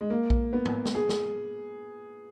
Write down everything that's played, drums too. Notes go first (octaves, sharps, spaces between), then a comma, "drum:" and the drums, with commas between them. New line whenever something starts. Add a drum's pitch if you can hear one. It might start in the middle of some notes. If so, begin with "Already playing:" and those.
G#3
A#3
drum: kick A#1
B3
drum: tom G#2
drum: snare
G#4
drum: snare